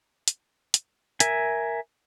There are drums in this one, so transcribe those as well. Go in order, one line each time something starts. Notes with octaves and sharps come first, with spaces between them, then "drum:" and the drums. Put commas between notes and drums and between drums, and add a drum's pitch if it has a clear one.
drum: hi-hat
drum: hi-hat
A#4 E5 G#5, drum: hi-hat